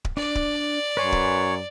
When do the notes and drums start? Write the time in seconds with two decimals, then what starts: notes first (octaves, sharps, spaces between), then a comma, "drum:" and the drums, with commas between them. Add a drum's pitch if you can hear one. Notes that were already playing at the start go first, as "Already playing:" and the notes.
0.05 drum: kick D1
0.17 D4 D5
0.35 drum: kick D1
0.97 F#2 B4 C#5 G#5 C6
1.12 drum: kick D1